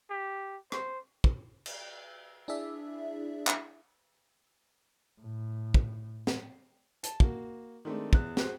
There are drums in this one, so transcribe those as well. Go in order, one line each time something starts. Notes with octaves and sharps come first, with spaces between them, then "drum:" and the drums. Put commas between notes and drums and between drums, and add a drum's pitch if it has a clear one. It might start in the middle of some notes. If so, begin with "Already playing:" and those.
G4
C5, drum: rim click
drum: kick
drum: cymbal
D4 E4 G#4 D5 E5
drum: clap
A2
drum: kick
drum: snare
A5, drum: hi-hat
A#3 F#4, drum: kick
D#3 G#3 A3 C4 D4
E2 F#6, drum: kick
F#4 G#4 C5 F#6, drum: snare